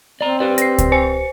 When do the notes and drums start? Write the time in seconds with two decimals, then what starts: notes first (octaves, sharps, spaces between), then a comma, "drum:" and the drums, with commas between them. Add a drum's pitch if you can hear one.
0.21 C4 D5 A#5
0.40 G4 B4 D5
0.58 A#6 C7, drum: hi-hat
0.78 drum: kick C#2, hi-hat
0.92 C5 G#5 C#7